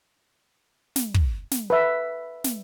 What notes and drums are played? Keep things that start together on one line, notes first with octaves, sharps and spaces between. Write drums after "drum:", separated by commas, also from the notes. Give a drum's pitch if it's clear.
drum: snare
drum: kick
drum: snare
B4 E5
drum: snare